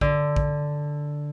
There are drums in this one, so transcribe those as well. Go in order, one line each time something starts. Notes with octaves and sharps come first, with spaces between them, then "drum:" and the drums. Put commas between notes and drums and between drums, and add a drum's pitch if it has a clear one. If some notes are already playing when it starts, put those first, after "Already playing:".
D3, drum: kick A#1
drum: kick A#1